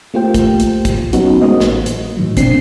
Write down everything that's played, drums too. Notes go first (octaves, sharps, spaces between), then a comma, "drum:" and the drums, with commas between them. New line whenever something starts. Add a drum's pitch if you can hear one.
A3 A#3 F4 G4 C5 G5
drum: kick, hi-hat
drum: hi-hat
drum: kick, hi-hat
F#3 B3 C#4 D#4 F#4, drum: hi-hat
G#3 A#3 C5 D#5
A1, drum: snare
drum: hi-hat
A2 D#3 F#3
B2 C4 D4 C7, drum: kick, hi-hat